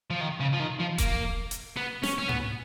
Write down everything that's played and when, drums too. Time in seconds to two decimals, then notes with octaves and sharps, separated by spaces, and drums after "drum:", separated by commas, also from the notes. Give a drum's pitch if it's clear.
0.11 F3
0.21 D#3
0.40 C#3
0.53 F3
0.60 D#3
0.79 F3
0.98 A#3, drum: kick E1, hi-hat
1.51 drum: hi-hat
1.77 B3
2.03 C#4, drum: snare
2.19 C#4
2.29 B3, drum: tom G#2